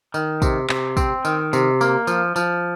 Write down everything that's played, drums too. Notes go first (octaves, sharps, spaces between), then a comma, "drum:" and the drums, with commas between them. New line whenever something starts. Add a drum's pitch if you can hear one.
D#3, drum: tambourine
C3, drum: kick, tambourine
C3, drum: clap
C4, drum: kick, tambourine
D#3, drum: tambourine
C3, drum: tambourine
A#3, drum: tambourine
F3, drum: tambourine
F3, drum: tambourine